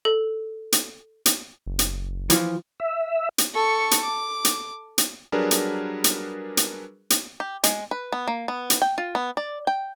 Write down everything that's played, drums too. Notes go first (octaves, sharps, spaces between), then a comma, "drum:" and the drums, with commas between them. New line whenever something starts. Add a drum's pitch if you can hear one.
A4
drum: hi-hat
drum: hi-hat
F#1
drum: hi-hat
E3 F3, drum: hi-hat
E5
drum: hi-hat
A4 C#6
drum: hi-hat
D6
drum: hi-hat
drum: hi-hat
F#3 G3 D4 G#4 A#4 B4
drum: hi-hat
drum: hi-hat
drum: hi-hat
drum: hi-hat
G4
G#3, drum: hi-hat
B4
B3
A#3
B3
drum: hi-hat
G5
F4
B3
D5
G5